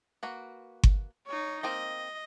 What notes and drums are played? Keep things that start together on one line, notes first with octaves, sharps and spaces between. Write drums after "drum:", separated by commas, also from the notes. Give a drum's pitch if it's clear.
A#3 F#4 B4
drum: kick G1
D#4 C#5
A#3 C4 A#4 D#5